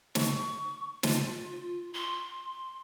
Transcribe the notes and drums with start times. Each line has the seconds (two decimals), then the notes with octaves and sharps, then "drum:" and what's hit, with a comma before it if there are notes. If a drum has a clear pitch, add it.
0.15 C#6, drum: snare
1.03 F4, drum: snare
1.94 C6